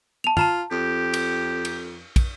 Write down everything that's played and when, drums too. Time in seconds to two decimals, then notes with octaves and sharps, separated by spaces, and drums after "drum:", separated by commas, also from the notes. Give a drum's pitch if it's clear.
0.24 A5 F7
0.37 F4 A5 A#5 F7, drum: tom
0.71 F2 G4
1.14 drum: cymbal
1.65 drum: cymbal
2.16 drum: kick, cymbal